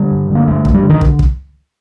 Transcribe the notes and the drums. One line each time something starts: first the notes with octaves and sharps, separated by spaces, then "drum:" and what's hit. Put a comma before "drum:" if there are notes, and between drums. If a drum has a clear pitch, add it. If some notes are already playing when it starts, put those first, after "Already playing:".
Already playing: D3 G3
G2
D3
A#3
G2 A3
G2, drum: kick
G3
D3
D#3
drum: kick
drum: kick